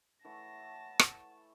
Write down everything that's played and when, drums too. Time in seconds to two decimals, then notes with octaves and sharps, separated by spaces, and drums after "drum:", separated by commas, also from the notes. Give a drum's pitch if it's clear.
0.25 E3 A3 C#5 F#5 A5 A#6
0.99 drum: rim click